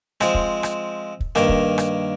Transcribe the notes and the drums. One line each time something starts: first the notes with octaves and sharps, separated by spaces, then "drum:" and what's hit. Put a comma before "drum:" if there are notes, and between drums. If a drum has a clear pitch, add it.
F3 G#3 C4, drum: rim click
drum: kick
drum: rim click
drum: kick
G2 D#3 A#3, drum: rim click
drum: kick
drum: rim click